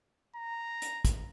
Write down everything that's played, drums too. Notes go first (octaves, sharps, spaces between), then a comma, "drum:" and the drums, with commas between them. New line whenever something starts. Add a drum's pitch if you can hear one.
A#5
drum: hi-hat
drum: kick, hi-hat